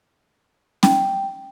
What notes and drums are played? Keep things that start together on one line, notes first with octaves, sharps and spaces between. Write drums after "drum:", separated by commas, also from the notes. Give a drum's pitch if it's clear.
G5, drum: snare C#4